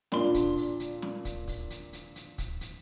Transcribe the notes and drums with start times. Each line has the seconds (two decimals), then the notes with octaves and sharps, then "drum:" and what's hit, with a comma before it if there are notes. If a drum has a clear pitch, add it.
0.12 A#2 D4 C6 G7, drum: snare
0.34 drum: kick, hi-hat
0.57 drum: open hi-hat
0.80 drum: hi-hat
1.02 drum: snare
1.25 drum: kick, hi-hat
1.48 drum: kick, open hi-hat
1.70 drum: hi-hat
1.93 drum: hi-hat
2.16 drum: hi-hat
2.38 drum: kick, hi-hat
2.61 drum: hi-hat